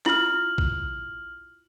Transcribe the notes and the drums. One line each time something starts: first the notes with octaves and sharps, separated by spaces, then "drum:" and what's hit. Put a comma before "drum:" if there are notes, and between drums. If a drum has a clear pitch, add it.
E4 F4 F6 F#7, drum: clap
drum: kick A#1